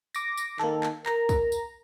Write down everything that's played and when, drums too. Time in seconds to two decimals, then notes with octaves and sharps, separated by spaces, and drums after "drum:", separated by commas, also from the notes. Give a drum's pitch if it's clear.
0.15 D6 A#6, drum: tambourine
0.37 drum: tambourine
0.59 D#3 A#3 A4, drum: clap
0.83 drum: clap
1.06 A#4 A#5, drum: clap
1.29 drum: kick, tambourine
1.52 drum: tambourine